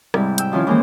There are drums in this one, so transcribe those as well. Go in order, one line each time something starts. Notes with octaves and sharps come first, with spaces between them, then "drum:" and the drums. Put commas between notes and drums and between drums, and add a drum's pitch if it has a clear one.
G#2 C3 G3 E4 G4, drum: rim click
G5 E6 G6, drum: hi-hat
D#3 F3 C#4 E4 F4
E3 F3 G#3 A#3 C5